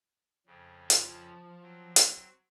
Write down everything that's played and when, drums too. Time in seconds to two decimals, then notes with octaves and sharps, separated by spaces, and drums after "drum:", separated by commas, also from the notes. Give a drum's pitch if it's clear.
0.46 F2 C#3
0.90 F3, drum: hi-hat
1.62 F#3 C4
1.96 drum: hi-hat